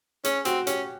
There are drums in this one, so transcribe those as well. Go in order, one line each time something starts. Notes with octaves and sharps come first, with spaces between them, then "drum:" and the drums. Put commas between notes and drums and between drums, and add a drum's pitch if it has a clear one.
C#4 G#4, drum: hi-hat
C4 F#4, drum: hi-hat
C#4 G4, drum: hi-hat